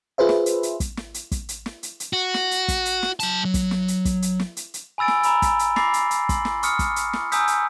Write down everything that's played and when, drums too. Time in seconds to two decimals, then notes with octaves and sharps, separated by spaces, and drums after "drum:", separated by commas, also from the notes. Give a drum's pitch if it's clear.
0.18 F4 G#4 B4 C5 E5
0.29 drum: snare
0.46 drum: hi-hat
0.63 drum: hi-hat
0.80 drum: kick, hi-hat
0.97 drum: snare
1.14 drum: hi-hat
1.32 drum: kick, hi-hat
1.49 drum: hi-hat
1.66 drum: snare
1.83 drum: hi-hat
2.00 drum: hi-hat
2.13 F#4
2.34 drum: snare
2.51 drum: hi-hat
2.68 drum: kick, hi-hat
2.86 drum: hi-hat
3.03 drum: snare
3.20 F#3 A5, drum: hi-hat
3.45 F#3
3.54 drum: kick, hi-hat
3.71 drum: snare
3.88 drum: hi-hat
4.05 drum: kick, hi-hat
4.22 drum: hi-hat
4.40 drum: snare
4.57 drum: hi-hat
4.74 drum: hi-hat
4.98 G#5 B5 E6 A6 D7
5.08 drum: snare
5.23 A#5 B5 E6, drum: hi-hat
5.42 drum: kick, hi-hat
5.59 drum: hi-hat
5.76 B5 D6 A6 A#6 C7, drum: snare
5.94 drum: hi-hat
6.11 drum: hi-hat
6.29 C6, drum: kick, hi-hat
6.45 drum: snare
6.63 C#6 D#6 F6 C#7, drum: hi-hat
6.79 drum: kick, hi-hat
6.96 drum: hi-hat
7.13 drum: snare
7.32 G#5 A#5 D#6 E6 G6 B6, drum: hi-hat
7.48 drum: hi-hat